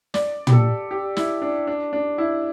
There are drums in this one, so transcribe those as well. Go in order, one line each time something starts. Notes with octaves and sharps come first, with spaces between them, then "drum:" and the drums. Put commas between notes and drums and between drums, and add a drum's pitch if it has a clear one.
D5, drum: snare
G4, drum: tom
A4
G4
E4, drum: snare
D4
D4
D4
E4